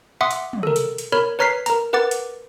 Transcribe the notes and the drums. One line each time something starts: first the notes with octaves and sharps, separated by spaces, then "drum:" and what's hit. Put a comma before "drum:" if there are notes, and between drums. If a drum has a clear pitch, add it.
E5 F#5 C6 D6 D#6
drum: hi-hat
drum: tom
A4 A#4
drum: hi-hat
drum: hi-hat
A#4 C#5 B5 F6
B4 C#5 A#5 F6 B6 C7
A#4 A#5, drum: hi-hat
A#4 B4 F#5 D6 A6
drum: hi-hat